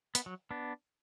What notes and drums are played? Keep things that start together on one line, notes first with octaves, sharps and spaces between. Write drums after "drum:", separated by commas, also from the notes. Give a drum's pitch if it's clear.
B3, drum: hi-hat
F#3
B3 D4